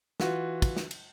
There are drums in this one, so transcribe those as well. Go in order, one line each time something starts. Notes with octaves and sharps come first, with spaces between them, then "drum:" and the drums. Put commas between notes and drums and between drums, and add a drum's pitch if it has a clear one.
E3 F4 F#4, drum: snare
drum: kick, cymbal
drum: snare
drum: cymbal